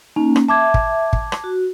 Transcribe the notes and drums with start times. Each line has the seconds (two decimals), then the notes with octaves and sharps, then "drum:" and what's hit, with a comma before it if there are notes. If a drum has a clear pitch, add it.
0.16 A#3 C#4 D#4
0.36 drum: rim click
0.49 E5 A5 D6 G#6
0.74 drum: kick
1.13 drum: kick
1.32 drum: rim click
1.44 F#4